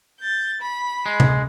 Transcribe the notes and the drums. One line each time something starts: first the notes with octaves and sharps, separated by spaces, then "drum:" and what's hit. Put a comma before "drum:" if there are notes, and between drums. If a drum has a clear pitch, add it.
G6 A6
B5
G#3
drum: tom C3